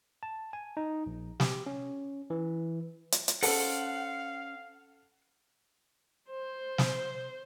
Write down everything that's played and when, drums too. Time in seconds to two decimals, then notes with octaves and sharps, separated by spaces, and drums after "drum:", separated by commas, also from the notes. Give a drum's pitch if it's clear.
0.23 A5
0.53 G#5
0.77 D#4
1.06 A#1
1.40 G4, drum: snare
1.66 C#4
2.30 E3
3.12 drum: hi-hat
3.28 drum: hi-hat
3.43 C#4 A4 C5 F5 F#5, drum: open hi-hat
6.30 C5
6.78 drum: snare